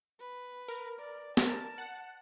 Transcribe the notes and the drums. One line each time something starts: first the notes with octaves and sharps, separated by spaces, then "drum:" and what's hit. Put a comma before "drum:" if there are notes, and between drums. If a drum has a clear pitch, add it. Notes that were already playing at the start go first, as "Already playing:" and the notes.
B4
A#4
D5
A#4 A5, drum: snare B3
F#5